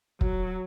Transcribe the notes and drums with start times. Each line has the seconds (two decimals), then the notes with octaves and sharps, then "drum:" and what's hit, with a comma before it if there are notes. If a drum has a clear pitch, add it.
0.21 F#3, drum: kick